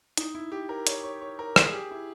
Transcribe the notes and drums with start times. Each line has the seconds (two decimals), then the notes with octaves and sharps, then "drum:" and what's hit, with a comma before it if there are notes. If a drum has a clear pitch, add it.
0.17 D#4, drum: hi-hat
0.35 E4
0.52 G4
0.69 A#4
0.87 C#5, drum: hi-hat
1.04 C#5
1.21 C#5
1.39 A#4
1.56 G#4, drum: rim click
1.73 G4
1.91 E4